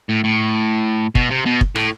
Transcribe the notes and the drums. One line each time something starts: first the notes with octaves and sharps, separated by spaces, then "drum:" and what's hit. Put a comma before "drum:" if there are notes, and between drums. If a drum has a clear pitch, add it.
A2
A2
B2, drum: kick
C3
B2
drum: kick
A2, drum: rim click